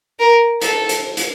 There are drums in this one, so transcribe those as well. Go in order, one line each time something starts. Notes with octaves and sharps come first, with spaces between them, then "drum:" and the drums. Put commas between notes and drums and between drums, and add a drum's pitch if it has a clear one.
A#4
A4, drum: hi-hat
drum: hi-hat
drum: hi-hat